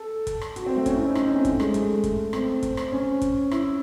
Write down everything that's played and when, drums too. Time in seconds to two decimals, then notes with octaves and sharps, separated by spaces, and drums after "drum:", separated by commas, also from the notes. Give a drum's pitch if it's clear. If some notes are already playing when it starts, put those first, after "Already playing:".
Already playing: A4
0.27 drum: kick, hi-hat
0.41 drum: rim click
0.56 F#4, drum: hi-hat
0.66 C4
0.76 A3
0.86 C#4, drum: kick, hi-hat
0.95 E4
1.01 D#4
1.15 D#4, drum: rim click
1.25 C#4
1.35 C4
1.45 A3, drum: kick, hi-hat
1.60 G#3, drum: rim click
1.74 A3, drum: hi-hat
2.04 drum: kick, hi-hat
2.33 C4, drum: rim click
2.63 drum: kick, hi-hat
2.77 drum: rim click
2.92 C#4
3.22 drum: kick, hi-hat
3.51 E4, drum: rim click